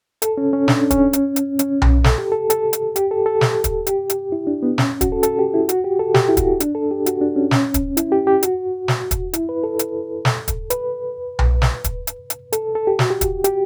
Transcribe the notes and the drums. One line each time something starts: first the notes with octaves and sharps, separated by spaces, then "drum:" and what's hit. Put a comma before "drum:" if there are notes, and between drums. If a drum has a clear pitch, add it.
A4, drum: hi-hat
C#4
C#4
D4, drum: snare
C#4, drum: kick, hi-hat
drum: hi-hat
drum: hi-hat
C#4, drum: hi-hat
drum: tom B1
A4, drum: snare
G4
A4
A4, drum: hi-hat
drum: hi-hat
G4, drum: hi-hat
A4
A4
drum: snare
drum: kick, hi-hat
G4, drum: hi-hat
drum: hi-hat
E4
D4
B3
C#4, drum: snare
F#4, drum: kick, hi-hat
A4
A4, drum: hi-hat
G4
E4
F#4, drum: hi-hat
G4
A4
G4, drum: snare
E4
F#4, drum: kick, hi-hat
D4, drum: hi-hat
A4
G4
F#4, drum: hi-hat
D4
C#4
C#4, drum: snare
drum: kick, hi-hat
E4, drum: hi-hat
G4
G4
F#4, drum: hi-hat
drum: snare
drum: kick, hi-hat
E4, drum: hi-hat
B4
A4
drum: hi-hat
drum: snare
drum: kick, hi-hat
B4, drum: hi-hat
drum: tom B1
drum: snare
drum: kick, hi-hat
drum: hi-hat
drum: hi-hat
A4, drum: hi-hat
A4
G4
F#4, drum: snare
G4
drum: kick, hi-hat
G4, drum: hi-hat